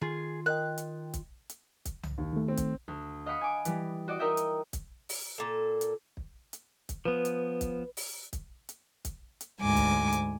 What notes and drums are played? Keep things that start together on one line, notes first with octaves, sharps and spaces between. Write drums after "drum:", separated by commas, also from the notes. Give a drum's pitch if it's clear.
D#3 F4 G#4
A#4 D#5 G5 F#6
drum: hi-hat
drum: kick, hi-hat
drum: hi-hat
drum: kick, hi-hat
drum: tom C2
D#2
D#3 A3
C4
drum: kick, hi-hat
D2
D#5 F5 F#5 B5 D#6 C#7
G#5 D6
E3 G3, drum: hi-hat
F#4 D5 D#5 D6
D#4 A#4 D#5 E5 G5
drum: hi-hat
drum: kick, hi-hat
drum: open hi-hat
A#2 A4
drum: hi-hat
drum: kick
drum: hi-hat
drum: kick, hi-hat
F3 B3 B4
drum: hi-hat
drum: kick, hi-hat
drum: open hi-hat
drum: kick, hi-hat
drum: hi-hat
drum: kick, hi-hat
drum: hi-hat
D2 G#2 G#5 D6
drum: kick, hi-hat
drum: hi-hat